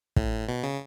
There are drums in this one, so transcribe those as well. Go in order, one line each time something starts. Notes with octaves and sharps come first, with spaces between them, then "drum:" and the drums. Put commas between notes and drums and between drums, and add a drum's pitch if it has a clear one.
A2, drum: kick
B2
C#3